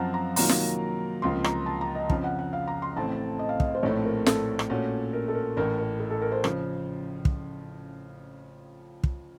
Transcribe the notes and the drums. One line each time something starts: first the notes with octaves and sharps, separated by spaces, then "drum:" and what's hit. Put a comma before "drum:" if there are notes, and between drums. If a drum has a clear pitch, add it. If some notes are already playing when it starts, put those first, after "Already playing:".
Already playing: F#2 F3 C4 F5 F#5 A5 A#5
A#5
C3 D#3 F#3 A#3 F4 A#5, drum: open hi-hat
drum: snare
C#2 C3 F3 A#3 F4 C6
A#5, drum: rim click
A5
A#5
D#5
F2 C#3 F3, drum: kick
F#5
F#5
F5
A#5
C6
A1 A2 A3 C4 A5
D#5
F5
D#5, drum: kick
C5
A#1 A2 A3 C4 C#5
A#4
A4, drum: snare
drum: rim click
A#2 A3 C#4 F#4
A#4
A4
A#4
A1 A2 A3 A#4
A#4
A4
A4
A#4
C5
C#3 F3, drum: rim click
drum: kick
drum: kick